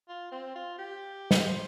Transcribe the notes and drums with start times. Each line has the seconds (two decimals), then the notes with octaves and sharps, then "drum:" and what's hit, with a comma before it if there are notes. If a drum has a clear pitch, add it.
0.08 F4
0.32 C4
0.55 F4
0.78 G4
1.31 drum: snare
1.48 C5